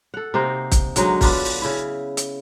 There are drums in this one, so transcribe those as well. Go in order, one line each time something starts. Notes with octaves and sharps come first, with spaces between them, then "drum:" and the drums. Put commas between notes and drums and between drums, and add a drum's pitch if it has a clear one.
A4 F#5
C3 A#3 D#4 C5
drum: kick, hi-hat
D3 F#3 G#3 D#4, drum: hi-hat
B3 D4 F4, drum: kick, open hi-hat
drum: open hi-hat
C#3 E4
drum: hi-hat